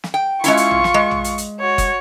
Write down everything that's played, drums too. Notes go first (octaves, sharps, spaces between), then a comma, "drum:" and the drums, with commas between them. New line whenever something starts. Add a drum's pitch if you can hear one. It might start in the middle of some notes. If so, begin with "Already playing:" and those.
drum: snare
G5
G#3 C#4 E4 F4 C#6, drum: hi-hat
drum: hi-hat
drum: tom A#1
drum: snare
G#3
drum: tom A#1
drum: hi-hat
drum: hi-hat
F#4 C#5
drum: kick, hi-hat